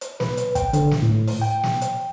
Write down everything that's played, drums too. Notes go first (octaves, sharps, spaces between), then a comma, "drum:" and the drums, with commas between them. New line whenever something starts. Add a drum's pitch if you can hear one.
drum: hi-hat
B4, drum: snare
drum: hi-hat
G5, drum: kick, hi-hat
D3, drum: hi-hat
drum: snare
A2
drum: open hi-hat
G5
drum: snare
drum: hi-hat